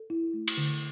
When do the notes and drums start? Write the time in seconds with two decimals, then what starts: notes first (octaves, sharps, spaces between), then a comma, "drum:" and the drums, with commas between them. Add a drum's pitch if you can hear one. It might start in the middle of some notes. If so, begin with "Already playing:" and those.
Already playing: A4
0.10 E4
0.34 A3
0.48 drum: cymbal
0.58 D3